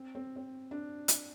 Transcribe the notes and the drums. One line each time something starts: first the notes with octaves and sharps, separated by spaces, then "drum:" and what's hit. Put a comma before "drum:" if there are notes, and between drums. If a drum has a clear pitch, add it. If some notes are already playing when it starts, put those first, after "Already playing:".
Already playing: C4
C4
C4
D4
drum: hi-hat